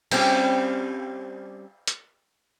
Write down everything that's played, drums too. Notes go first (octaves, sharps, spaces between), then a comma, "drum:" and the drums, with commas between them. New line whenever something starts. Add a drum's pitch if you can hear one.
G3 C4 C#4, drum: cymbal
drum: hi-hat